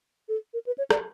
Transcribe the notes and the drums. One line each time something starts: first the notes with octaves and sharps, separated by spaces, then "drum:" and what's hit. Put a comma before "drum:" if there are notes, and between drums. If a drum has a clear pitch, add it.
A4
A#4
B4
C#5
D5, drum: rim click